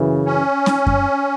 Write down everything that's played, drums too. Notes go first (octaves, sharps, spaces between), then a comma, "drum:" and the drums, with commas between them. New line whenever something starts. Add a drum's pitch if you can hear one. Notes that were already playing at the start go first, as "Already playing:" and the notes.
Already playing: F#2 C#3 E3
C#4
drum: snare C#4
drum: kick F#2